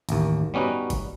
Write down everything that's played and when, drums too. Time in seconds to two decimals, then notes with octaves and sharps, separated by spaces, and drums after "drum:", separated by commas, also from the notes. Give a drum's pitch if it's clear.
0.09 A1 D#2, drum: hi-hat
0.54 G3 B3 C#4 D#4 F#4
0.90 drum: kick G1, hi-hat